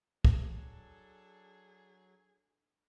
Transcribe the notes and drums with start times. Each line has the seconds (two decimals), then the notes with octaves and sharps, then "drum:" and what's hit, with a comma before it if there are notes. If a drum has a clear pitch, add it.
0.25 F#3 D4 G#4 A4, drum: kick